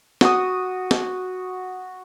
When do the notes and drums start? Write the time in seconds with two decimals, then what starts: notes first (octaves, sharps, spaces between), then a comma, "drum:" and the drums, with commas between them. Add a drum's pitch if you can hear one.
0.21 F#4 D#6, drum: snare
0.91 drum: snare